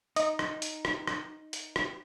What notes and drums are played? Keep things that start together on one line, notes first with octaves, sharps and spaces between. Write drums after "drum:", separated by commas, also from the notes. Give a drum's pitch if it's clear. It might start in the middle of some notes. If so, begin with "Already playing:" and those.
D#4 D#5, drum: hi-hat
drum: rim click
drum: hi-hat
drum: rim click
drum: rim click
drum: hi-hat
drum: rim click